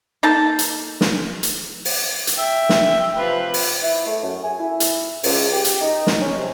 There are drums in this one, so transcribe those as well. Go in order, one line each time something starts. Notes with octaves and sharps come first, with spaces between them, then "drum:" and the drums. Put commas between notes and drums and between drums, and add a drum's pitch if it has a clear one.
A#3 D#4 A4 A5
drum: hi-hat
drum: snare
drum: hi-hat
drum: open hi-hat
drum: hi-hat
E5 G5
drum: snare
C3 F3 F4 B4
drum: open hi-hat
E4
A3
F#2
G#5
E4
drum: hi-hat
C#2, drum: open hi-hat
G4
drum: hi-hat
D#4
drum: snare
C#4
C3